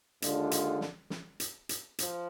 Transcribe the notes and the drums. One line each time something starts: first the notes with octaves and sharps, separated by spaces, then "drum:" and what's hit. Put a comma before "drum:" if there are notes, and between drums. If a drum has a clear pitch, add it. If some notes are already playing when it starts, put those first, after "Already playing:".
D#2 D3 G#3 D4 F4, drum: hi-hat
drum: hi-hat
drum: snare
drum: snare
drum: hi-hat
drum: hi-hat
F3, drum: hi-hat